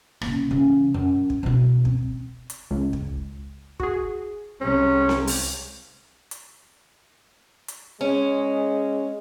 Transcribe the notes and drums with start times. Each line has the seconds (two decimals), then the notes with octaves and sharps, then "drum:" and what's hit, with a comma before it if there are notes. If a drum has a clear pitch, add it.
0.21 C#3 A#3, drum: rim click
0.51 C#3 E3
0.94 F#2
1.30 drum: kick
1.43 B2 E4
1.85 C4, drum: kick
2.50 drum: hi-hat
2.71 C#2
2.93 drum: kick
3.80 F#4 G#4, drum: kick
4.61 C2 C3 G#3 C#4
5.09 drum: snare C4
5.27 drum: open hi-hat
6.31 drum: hi-hat
7.68 drum: hi-hat
8.01 G#3 C#4